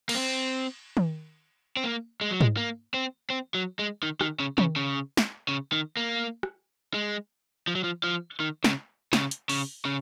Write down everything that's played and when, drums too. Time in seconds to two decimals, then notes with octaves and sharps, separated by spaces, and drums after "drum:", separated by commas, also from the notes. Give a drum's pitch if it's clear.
0.09 A#3, drum: cymbal
0.15 C4
0.97 drum: tom D#3
1.77 C4
1.84 A#3
2.21 G#3
2.31 F#3
2.41 G#3, drum: tom G#2
2.57 A#3
2.94 C4
3.30 C4
3.54 F#3
3.79 G#3
4.03 D#3
4.21 D#3, drum: rim click
4.40 C#3
4.58 C#3, drum: tom D#3
4.76 C#3
5.17 drum: snare
5.49 C#3
5.72 D#3
5.97 A#3
6.43 drum: rim click
6.94 G#3
7.68 F3
7.75 F#3
7.84 F3
8.04 F3
8.40 D#3
8.64 C#3, drum: snare
9.13 C#3, drum: snare
9.31 drum: hi-hat
9.49 C#3, drum: open hi-hat
9.85 C#3